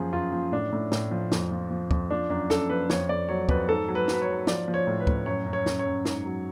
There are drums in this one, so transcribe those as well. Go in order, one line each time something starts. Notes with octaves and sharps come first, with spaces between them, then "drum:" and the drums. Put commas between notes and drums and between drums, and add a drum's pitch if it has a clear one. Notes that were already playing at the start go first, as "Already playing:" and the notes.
Already playing: F#2 F3 G#4
F#2 F4
F3
A2 D4
A2
A2, drum: snare
F3
F2, drum: snare
F3
F3
F2, drum: kick
F3 D4
F#2 D4
F#2 A4, drum: snare
F3 B4
F2 C#5, drum: snare
F2 D5
F#3 C#5
F2 B4, drum: kick
G#2 A4
F#3
B4
F#3, drum: snare
B4
C#5
G#2
F3 D5, drum: snare
F3
C#5
A2
B4
A2, drum: kick
F#2 C#5
F#2
C#5
F#2, drum: snare
C#5
F#2
G#2, drum: snare
F#3